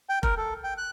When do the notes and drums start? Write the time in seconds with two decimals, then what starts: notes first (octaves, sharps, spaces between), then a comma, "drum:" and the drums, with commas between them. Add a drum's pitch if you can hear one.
0.09 G5
0.23 A#4, drum: kick F1
0.37 A4
0.64 G5
0.78 F#6